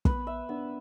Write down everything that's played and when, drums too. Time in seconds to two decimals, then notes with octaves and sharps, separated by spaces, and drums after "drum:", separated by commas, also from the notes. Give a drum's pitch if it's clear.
0.05 B3 B4, drum: kick
0.27 E5
0.49 B3 D4